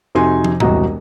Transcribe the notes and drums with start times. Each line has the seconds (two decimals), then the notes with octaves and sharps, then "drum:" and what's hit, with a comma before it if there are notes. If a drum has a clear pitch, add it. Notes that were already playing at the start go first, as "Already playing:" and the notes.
0.15 F2 C3 D#4 F#4 G#5 C6
0.44 drum: tom
0.60 E1 C2 F#4 D#5 A#5, drum: tom A2